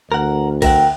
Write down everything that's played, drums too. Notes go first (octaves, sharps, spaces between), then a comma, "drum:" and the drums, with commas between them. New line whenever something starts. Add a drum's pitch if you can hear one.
D2 A#4 F#5
A#4 E5 F#5 G5, drum: kick, cymbal